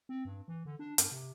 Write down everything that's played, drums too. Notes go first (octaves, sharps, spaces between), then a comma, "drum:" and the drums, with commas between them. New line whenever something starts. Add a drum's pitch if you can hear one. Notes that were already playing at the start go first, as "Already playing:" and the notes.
C4
G2
E3
D3
D4
G2, drum: hi-hat
C3